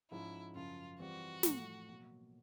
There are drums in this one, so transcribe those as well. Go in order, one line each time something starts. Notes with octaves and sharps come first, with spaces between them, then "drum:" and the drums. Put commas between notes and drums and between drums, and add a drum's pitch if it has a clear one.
G#2 F3 G#3 C#4 E4
F#2 C#3 F3 F4
E3 G3 C4 F4 F#4
A2 F3 A3, drum: snare
B2 F#3 A#3